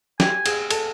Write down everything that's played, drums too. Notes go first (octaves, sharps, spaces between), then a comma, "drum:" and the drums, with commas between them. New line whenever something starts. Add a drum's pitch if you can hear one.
G4 G#5, drum: snare
G#4, drum: cymbal
A4, drum: cymbal